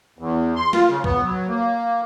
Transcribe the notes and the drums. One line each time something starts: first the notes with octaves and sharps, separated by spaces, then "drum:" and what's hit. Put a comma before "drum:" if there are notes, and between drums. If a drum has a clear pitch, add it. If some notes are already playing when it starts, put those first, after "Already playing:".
E2
C6
F4, drum: snare
C#3
B3, drum: kick
F#3
A#3